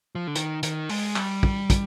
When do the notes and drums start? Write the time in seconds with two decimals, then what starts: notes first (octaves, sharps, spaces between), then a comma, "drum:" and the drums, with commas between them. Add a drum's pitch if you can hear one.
0.15 F3
0.27 D3
0.35 D#3, drum: hi-hat
0.63 D#3, drum: hi-hat
0.89 G#3, drum: open hi-hat
1.16 G3, drum: clap
1.43 drum: kick
1.70 drum: kick, hi-hat